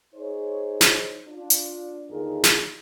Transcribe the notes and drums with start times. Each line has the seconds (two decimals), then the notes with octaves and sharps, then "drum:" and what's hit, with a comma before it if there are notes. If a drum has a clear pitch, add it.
0.14 D#4 G#4 C5 C#5
0.81 drum: snare
1.28 D4 F4
1.50 drum: hi-hat
2.10 D#2 D3 D#4 F4 G#4 A#4
2.44 drum: snare